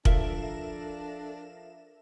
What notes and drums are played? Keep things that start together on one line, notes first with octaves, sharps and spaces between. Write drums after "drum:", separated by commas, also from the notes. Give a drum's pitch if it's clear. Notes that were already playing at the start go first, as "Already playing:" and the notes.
F3 D4 A4 A#4 E5 F5, drum: kick